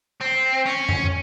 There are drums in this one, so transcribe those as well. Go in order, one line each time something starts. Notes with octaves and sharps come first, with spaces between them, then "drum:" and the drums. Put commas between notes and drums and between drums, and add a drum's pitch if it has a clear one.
C4
C#4
drum: tom F2